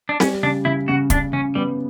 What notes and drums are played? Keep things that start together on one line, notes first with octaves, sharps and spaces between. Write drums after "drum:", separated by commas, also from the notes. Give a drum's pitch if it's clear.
D4
G3 C#4, drum: snare C4
C#3 D4
C#3 E4
C#3 F#4
C#3 D4, drum: kick, hi-hat
C#3 C#4
G3 B3